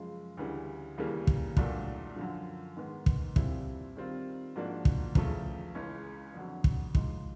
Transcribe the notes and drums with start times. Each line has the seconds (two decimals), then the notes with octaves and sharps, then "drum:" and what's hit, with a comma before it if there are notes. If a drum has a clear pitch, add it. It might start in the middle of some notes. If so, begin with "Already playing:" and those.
Already playing: F#2 C#3 F3 G#3
0.37 D2 C#3 E3 G3
0.98 D#2 C#3 E3 G3 A#3
1.27 drum: kick
1.57 C2 A#2 F#3 A3 D4, drum: kick
2.16 F#2 D3 F3
2.76 G#2 D#3 G#3 B3
3.06 drum: kick
3.36 C2 A#2 G3 C4 E4, drum: kick
3.96 D#3 G3 C4 F4
4.56 G#2 F3 A#3 D4 F#4
4.85 drum: kick
5.15 E2 C#3 F3 A3, drum: kick
5.75 C#2 C#3 E3 G#3 C#4
6.34 F2 D3 F#3
6.64 drum: kick
6.95 G#2 F3 G#3, drum: kick